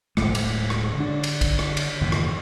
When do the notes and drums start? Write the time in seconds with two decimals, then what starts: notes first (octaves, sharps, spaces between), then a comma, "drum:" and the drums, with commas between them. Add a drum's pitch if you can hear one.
0.17 D1 F#2 A2 G#3, drum: rim click
0.35 drum: cymbal
0.70 drum: rim click
0.97 D3 D4
1.24 drum: cymbal
1.41 drum: kick, cymbal
1.59 drum: rim click
1.77 drum: cymbal
2.01 F#1 D#2 A2 E3
2.12 drum: rim click